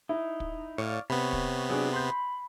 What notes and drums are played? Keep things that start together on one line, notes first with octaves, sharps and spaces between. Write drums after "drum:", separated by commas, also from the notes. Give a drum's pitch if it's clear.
D#4 E4
drum: kick
A2 C#5 D5 F5
C3 B3 C#5 B5
drum: kick
F#3 D4 G#4
B5 C6 G6